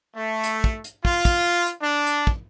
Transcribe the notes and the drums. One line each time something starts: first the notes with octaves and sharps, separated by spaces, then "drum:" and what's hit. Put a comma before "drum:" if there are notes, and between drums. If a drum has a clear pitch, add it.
A3
drum: hi-hat
drum: kick
drum: hi-hat
F4, drum: kick
drum: kick, hi-hat
drum: hi-hat
D4
drum: hi-hat
drum: kick